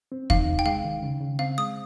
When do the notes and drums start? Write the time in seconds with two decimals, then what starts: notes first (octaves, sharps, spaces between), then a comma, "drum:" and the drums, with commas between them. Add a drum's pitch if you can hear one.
0.12 C4
0.30 D#4 F5, drum: kick
0.48 C3
0.59 G5
0.66 G#3 F5
0.85 D#3
1.03 C#3
1.21 C#3
1.39 C4 F5
1.58 G#3 D#6